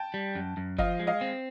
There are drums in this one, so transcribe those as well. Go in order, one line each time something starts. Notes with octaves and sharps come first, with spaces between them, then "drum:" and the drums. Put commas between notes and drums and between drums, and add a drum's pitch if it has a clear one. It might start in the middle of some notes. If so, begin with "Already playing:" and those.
Already playing: G5 A5
G3
F#2
F#2
F3 D#5 F5, drum: kick F#1
G#3
D#5 F5
C4